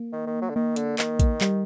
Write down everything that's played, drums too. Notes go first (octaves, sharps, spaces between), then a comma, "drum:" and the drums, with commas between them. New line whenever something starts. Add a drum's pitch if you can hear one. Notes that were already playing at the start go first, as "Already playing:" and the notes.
Already playing: A#3
D#3
D#3
F#3
D3
D#3 A#3
D3, drum: hi-hat
D#3, drum: clap
drum: kick A1, hi-hat
G3, drum: clap